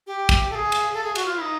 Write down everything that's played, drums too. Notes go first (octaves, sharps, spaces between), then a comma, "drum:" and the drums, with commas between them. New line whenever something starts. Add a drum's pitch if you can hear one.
G4
drum: kick, cymbal
A4
G#4
drum: cymbal
A4
G#4
F#4, drum: cymbal
F4
E4
D#4